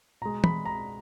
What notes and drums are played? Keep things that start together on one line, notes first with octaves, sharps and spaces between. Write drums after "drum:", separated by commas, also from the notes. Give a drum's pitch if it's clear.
B2 G#3 A#5
B5, drum: tom
A#5